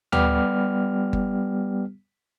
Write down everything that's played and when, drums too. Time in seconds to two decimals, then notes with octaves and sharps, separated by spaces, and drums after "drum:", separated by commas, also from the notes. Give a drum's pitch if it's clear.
0.12 G3 B3 G4 F6, drum: tom D2
1.13 drum: kick G1